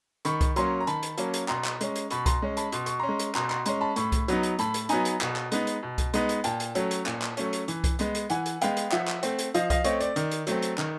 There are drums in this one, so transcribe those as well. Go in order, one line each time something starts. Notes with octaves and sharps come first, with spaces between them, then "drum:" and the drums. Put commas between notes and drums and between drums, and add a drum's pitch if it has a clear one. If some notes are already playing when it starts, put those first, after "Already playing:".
D#3 B5 C#6, drum: hi-hat
drum: kick C2, hi-hat
F#3 A#3 C#4 A#5 C6, drum: hi-hat
A#5
D#3 A5 B5, drum: hi-hat
drum: hi-hat
F#3 A#3 C#4, drum: hi-hat
drum: hi-hat
B2 A#5 C6, drum: clap
drum: clap
G#3 C#4, drum: hi-hat
drum: hi-hat
B2 B5 C#6, drum: hi-hat
A#5 C6, drum: kick C2, hi-hat
G#3 C#4
A5 B5, drum: hi-hat
B2 C6, drum: hi-hat
C#6, drum: hi-hat
C#4 A#5 C6
G#3
drum: hi-hat
B2 A#5 C6, drum: clap
A#5 C6, drum: clap
G#3 C#4 A#5 C6, drum: hi-hat
A5 B5
A2 B5 C#6, drum: hi-hat
drum: kick C2, hi-hat
F#3 B3 D#4, drum: hi-hat
drum: hi-hat
A2 A5 B5, drum: hi-hat
drum: hi-hat
F#3 B3 D#4 G#5 A#5, drum: hi-hat
drum: hi-hat
B2, drum: clap
drum: clap
G#3 B3 D#4, drum: hi-hat
drum: hi-hat
B2
drum: kick C2, hi-hat
G#3 B3 D#4, drum: hi-hat
drum: hi-hat
A#2 G5 A5, drum: hi-hat
drum: hi-hat
F#3 A3 C#4, drum: hi-hat
drum: hi-hat
A#2, drum: clap
drum: clap
F#3 A3 C#4, drum: hi-hat
drum: hi-hat
E3, drum: hi-hat
drum: kick C2, hi-hat
G#3 B3, drum: hi-hat
drum: hi-hat
E3 F#5 G#5, drum: hi-hat
drum: hi-hat
G#3 B3 F5 G5, drum: hi-hat
drum: hi-hat
F3 E5 F#5, drum: clap
drum: clap
A3 C4, drum: hi-hat
drum: hi-hat
F3 D#5 F5, drum: hi-hat
D#5 F5, drum: kick C2, hi-hat
A3 C4 C#5 D#5, drum: hi-hat
D5, drum: hi-hat
D#3, drum: hi-hat
drum: hi-hat
F#3 A3 C4, drum: hi-hat
drum: hi-hat
D#3, drum: clap